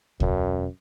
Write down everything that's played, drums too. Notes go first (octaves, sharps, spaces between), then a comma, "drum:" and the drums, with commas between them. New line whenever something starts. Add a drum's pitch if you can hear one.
E1 F#2 C#4, drum: kick C#2